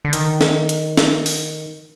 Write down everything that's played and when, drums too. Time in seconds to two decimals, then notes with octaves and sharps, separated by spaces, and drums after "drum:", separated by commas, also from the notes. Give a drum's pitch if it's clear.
0.05 D3
0.13 D#3, drum: hi-hat
0.41 drum: snare
0.69 drum: hi-hat
0.97 drum: snare
1.26 drum: open hi-hat